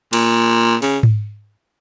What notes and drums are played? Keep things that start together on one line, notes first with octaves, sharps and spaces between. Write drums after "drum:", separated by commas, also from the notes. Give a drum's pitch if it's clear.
A#2, drum: cymbal
C#3, drum: open hi-hat
drum: tom G#2